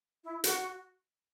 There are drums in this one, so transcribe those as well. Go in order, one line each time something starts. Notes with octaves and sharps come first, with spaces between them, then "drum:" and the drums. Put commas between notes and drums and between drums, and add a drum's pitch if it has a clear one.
E4
F#4, drum: hi-hat